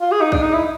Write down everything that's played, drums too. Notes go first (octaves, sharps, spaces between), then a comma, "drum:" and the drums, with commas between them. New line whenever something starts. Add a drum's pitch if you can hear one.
F4
G#4
D#4
D4, drum: kick
D#4
E4